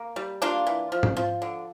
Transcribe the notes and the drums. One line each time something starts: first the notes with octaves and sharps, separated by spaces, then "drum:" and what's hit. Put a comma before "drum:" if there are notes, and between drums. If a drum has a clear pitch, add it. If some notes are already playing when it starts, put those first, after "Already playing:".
Already playing: A#3
G3
A#3 D4 F4
E3
F3
drum: tom G#2
F3
D3